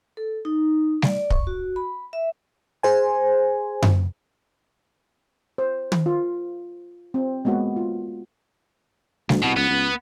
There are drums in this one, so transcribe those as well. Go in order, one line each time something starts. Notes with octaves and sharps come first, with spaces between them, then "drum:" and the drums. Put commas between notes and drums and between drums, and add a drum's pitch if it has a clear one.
A4
D#4
D5, drum: snare
C#6, drum: kick
F#4
B5
E5
G#4 C5 G#5
drum: tom F#2
C5
drum: tom
F4
C4
G#3 A#3 B3 F#4
F4
D2, drum: snare
C2 B2
C#2 B3
C#2